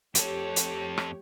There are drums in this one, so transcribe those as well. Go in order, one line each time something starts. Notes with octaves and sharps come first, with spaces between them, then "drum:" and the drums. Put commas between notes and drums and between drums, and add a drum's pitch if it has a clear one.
F2 A3 G4 A4 C#5, drum: hi-hat
drum: hi-hat
drum: rim click